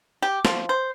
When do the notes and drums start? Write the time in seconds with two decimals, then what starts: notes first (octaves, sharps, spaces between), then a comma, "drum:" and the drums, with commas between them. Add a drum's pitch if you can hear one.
0.22 G4
0.45 F3, drum: snare
0.69 C5